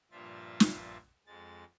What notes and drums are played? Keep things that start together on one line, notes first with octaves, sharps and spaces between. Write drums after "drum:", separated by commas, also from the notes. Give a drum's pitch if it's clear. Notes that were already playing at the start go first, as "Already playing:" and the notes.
G2 A#2 F3 F4 E5 A6
drum: snare
F2 G#3 A6